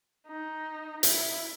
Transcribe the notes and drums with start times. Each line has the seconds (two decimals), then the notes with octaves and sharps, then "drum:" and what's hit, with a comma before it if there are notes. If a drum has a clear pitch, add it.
0.27 D#4
1.03 E4, drum: hi-hat